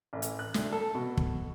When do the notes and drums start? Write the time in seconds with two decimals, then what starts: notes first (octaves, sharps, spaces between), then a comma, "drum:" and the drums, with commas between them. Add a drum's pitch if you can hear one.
0.13 A1
0.22 drum: hi-hat
0.39 F#6
0.54 D2, drum: snare
0.72 A4
0.95 B2
1.17 drum: kick